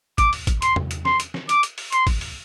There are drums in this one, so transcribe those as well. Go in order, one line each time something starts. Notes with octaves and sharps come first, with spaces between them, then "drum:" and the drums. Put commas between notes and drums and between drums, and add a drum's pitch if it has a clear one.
D6, drum: kick, hi-hat
drum: open hi-hat
drum: kick, hi-hat
C6, drum: hi-hat
drum: tom
drum: hi-hat
C6, drum: snare
drum: hi-hat
drum: snare
D6, drum: hi-hat
drum: hi-hat
drum: open hi-hat
C6, drum: hi-hat
drum: kick, open hi-hat
drum: open hi-hat